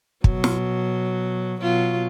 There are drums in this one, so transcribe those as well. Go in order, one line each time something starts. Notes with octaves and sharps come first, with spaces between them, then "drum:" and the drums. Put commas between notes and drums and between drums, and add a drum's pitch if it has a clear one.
B2 F#3, drum: kick
drum: snare
B2 F#3 F4